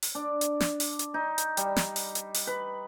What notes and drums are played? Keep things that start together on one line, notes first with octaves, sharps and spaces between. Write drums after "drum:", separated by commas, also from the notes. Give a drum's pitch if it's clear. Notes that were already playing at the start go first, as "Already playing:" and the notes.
drum: open hi-hat
D4
drum: hi-hat
drum: snare
drum: open hi-hat
drum: hi-hat
D#4
drum: hi-hat
G3, drum: hi-hat
drum: snare
drum: open hi-hat
drum: hi-hat
drum: open hi-hat
B4